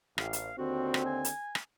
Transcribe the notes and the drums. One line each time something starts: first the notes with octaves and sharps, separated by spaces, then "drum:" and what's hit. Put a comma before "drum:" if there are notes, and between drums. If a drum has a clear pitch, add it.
A1 F5, drum: rim click
drum: hi-hat
D#2 D3 C4 F#4
drum: rim click
G#5
drum: hi-hat
drum: rim click